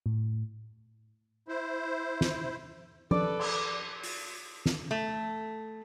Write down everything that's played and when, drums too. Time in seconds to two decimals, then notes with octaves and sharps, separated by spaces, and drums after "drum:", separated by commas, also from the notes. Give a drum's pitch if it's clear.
0.06 A2
1.48 E4 C5
2.21 drum: snare
3.11 A4 B4 D5, drum: tom F3
3.39 drum: cymbal
4.03 drum: open hi-hat
4.66 drum: snare
4.91 A3